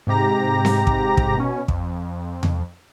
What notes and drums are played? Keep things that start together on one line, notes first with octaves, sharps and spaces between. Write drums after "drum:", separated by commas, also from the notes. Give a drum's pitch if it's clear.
G#2 C3 G4 A#5 A#6
drum: snare C4
drum: kick
drum: kick
B2 C#4
F2, drum: kick
drum: tom E2